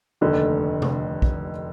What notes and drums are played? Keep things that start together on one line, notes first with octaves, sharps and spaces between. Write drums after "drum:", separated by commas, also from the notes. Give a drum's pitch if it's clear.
F1 D#2 D3 A3 D#4
drum: tom C3
drum: kick